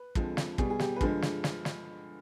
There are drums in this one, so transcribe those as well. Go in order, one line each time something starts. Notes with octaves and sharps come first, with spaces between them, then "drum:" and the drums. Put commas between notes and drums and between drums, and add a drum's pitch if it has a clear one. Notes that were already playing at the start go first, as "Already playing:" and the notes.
Already playing: B4
F2 D3 F3 G#3, drum: kick
drum: snare
B2 G3 G#4, drum: kick
G#4
G4, drum: snare
B4
G2 D3 F3 G#3 G#4, drum: kick
drum: snare
drum: snare
drum: snare